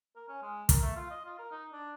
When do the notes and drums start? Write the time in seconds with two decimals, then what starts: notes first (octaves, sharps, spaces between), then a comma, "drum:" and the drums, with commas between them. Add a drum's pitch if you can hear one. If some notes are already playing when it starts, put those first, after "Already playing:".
0.16 A#4
0.28 C#4
0.42 G#3
0.69 A#4, drum: kick, hi-hat
0.82 A3
0.96 F4
1.11 D#5
1.26 F4
1.39 A#4
1.51 D#4
1.73 D4